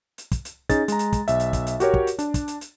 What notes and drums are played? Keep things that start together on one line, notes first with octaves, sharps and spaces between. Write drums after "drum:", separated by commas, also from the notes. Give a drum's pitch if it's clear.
drum: hi-hat
drum: kick, hi-hat
drum: hi-hat
C#4 D#4 G#4 A6, drum: kick, hi-hat
G#3 A#5, drum: hi-hat
drum: hi-hat
drum: kick, hi-hat
B1 E5, drum: hi-hat
drum: hi-hat
drum: kick, hi-hat
drum: hi-hat
F#4 G4 A#4 C#5, drum: hi-hat
drum: kick
drum: hi-hat
D4, drum: hi-hat
drum: kick, hi-hat
drum: hi-hat
drum: hi-hat